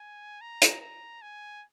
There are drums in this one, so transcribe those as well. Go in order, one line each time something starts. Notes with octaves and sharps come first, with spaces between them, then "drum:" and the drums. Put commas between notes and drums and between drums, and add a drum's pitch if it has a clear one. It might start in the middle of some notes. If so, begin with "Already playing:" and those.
Already playing: G#5
A#5
drum: hi-hat
A#5
G#5